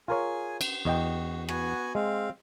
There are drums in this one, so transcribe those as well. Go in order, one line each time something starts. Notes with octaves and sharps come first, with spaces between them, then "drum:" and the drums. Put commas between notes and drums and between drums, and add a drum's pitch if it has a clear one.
F4 G#4 A#4 C#5 G#5
drum: cymbal
E2 F#4 D#5 G5
B3 F#4 G#5, drum: rim click
G#3 C4 F5